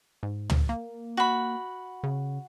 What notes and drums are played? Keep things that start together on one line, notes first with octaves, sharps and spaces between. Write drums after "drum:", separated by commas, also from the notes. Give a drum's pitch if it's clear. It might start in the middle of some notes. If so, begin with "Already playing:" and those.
G#2
drum: tom
A#3
F#4 B5
C#3